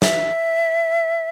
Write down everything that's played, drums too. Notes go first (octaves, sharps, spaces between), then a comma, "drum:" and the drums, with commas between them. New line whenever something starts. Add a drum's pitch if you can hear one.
E5, drum: snare